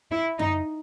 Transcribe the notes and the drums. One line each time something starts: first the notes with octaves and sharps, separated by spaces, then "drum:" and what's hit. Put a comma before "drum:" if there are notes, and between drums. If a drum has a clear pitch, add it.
E4
D#4, drum: tom F#2